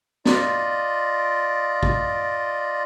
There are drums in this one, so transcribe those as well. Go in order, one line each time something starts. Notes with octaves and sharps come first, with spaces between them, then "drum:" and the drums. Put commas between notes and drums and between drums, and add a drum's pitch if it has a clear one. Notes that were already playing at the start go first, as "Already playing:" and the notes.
F4 D5 D#5, drum: snare
drum: kick